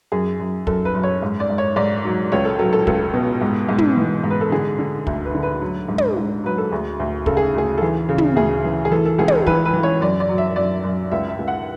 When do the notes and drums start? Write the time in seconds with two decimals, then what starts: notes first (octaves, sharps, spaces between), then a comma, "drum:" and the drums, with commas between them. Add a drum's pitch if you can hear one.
0.12 F#2 G#4
0.40 F#2
0.67 F#2 A4, drum: kick
0.85 B4
0.95 F#2
1.03 C#5
1.22 G#2
1.40 D5
1.50 G#2
1.58 C#5
1.76 G#2 D5
2.05 F#3
2.32 C#2 C#5
2.45 A4
2.59 F#3 A4
2.73 A4
2.87 C#2 A4, drum: kick
3.14 B2
3.41 G#2
3.69 G#2
3.78 drum: tom
3.96 E3
4.24 G#2
4.30 B4
4.41 A4
4.52 D3 G#4
4.78 D3
5.07 D2, drum: kick
5.25 B4
5.34 D3
5.43 B4
5.61 F#3
5.88 G#2
5.98 drum: tom
6.17 G#2
6.44 F#3 B4
6.58 A4
6.71 D2 G#4
7.00 D2
7.26 C#3 A4, drum: kick
7.37 G#4
7.55 D2 G#4
7.78 A4
7.82 E3 G#4
8.09 C#3
8.18 drum: tom
8.36 D2 G#4
8.65 E3
8.85 G#4
8.91 E3 A4
9.06 A4
9.18 C#2 G#4
9.28 drum: tom
9.47 E3 B4, drum: kick
9.65 B4
9.74 E3
9.83 C#5
10.01 F#2 D5
10.20 D5
10.29 F#3
10.38 E5
10.56 F#2 D5
10.84 F#2
11.11 C#2 E5
11.29 E5
11.39 C#2
11.48 F#5